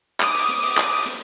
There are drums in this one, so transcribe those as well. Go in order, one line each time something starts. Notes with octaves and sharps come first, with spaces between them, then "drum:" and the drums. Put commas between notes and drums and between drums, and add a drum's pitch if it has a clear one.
D6 D#6, drum: clap
drum: open hi-hat
drum: hi-hat
drum: open hi-hat
drum: clap
drum: open hi-hat
drum: hi-hat